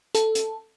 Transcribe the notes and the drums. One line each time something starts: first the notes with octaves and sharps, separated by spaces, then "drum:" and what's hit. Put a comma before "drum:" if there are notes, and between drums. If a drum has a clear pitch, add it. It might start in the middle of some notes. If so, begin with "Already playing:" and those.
A4, drum: hi-hat
drum: hi-hat